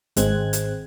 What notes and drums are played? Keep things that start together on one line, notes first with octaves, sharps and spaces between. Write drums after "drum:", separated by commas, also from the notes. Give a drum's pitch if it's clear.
G#1 G#3 C4 F#6 G#6, drum: hi-hat
drum: hi-hat